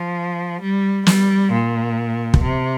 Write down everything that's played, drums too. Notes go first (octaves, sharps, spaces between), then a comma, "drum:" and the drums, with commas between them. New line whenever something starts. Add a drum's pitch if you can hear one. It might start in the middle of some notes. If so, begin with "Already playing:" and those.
Already playing: F3
G3
G3, drum: snare
A#2
drum: kick
C3